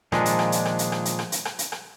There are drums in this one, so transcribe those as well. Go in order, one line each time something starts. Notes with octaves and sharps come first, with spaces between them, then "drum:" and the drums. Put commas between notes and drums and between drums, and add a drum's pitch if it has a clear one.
A#2 D#3 F3 G#3 D4, drum: rim click
drum: hi-hat
drum: rim click
drum: hi-hat
drum: rim click
drum: hi-hat
drum: rim click
drum: hi-hat
drum: rim click
drum: hi-hat
drum: rim click
drum: hi-hat
drum: rim click